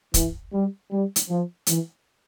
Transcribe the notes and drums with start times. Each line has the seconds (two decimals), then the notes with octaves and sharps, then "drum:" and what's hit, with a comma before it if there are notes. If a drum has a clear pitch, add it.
0.14 E3, drum: kick, hi-hat
0.52 G3
0.90 G3
1.16 drum: hi-hat
1.29 F3
1.67 E3, drum: hi-hat